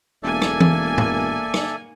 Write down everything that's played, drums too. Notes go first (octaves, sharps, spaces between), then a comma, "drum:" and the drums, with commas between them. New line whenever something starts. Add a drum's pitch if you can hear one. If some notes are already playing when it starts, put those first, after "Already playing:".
E1 A#3 A4 D5 E5 G#5
drum: rim click
drum: tom E3
drum: tom A2
drum: rim click